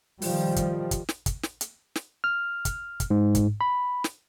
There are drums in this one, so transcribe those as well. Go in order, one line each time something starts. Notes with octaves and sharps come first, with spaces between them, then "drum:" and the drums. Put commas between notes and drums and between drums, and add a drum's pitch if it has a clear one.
D#3 F3 G3, drum: open hi-hat
drum: kick, hi-hat
drum: kick, hi-hat
drum: snare
drum: kick, hi-hat
drum: snare
drum: hi-hat
drum: snare
F6
drum: kick, hi-hat
drum: kick, hi-hat
G#2
drum: kick, hi-hat
B5
drum: snare